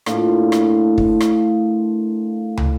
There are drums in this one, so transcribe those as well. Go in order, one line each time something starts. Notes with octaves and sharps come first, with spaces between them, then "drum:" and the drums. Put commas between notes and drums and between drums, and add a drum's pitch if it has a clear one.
A2 A#3 D4 F4, drum: rim click
drum: rim click
drum: kick
drum: rim click
drum: tom